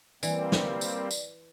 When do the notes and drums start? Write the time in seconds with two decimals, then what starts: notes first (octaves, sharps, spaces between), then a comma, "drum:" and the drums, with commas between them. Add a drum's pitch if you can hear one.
0.23 E3 G3 A#3 C4 D5, drum: tambourine
0.52 drum: snare
0.81 drum: tambourine
1.11 drum: tambourine